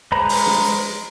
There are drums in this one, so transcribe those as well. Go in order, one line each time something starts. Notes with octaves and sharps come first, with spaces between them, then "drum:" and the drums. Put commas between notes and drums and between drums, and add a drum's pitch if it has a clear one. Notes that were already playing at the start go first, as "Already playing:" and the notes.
G#3 B4 C5 A#5 B5
drum: open hi-hat
drum: snare
drum: hi-hat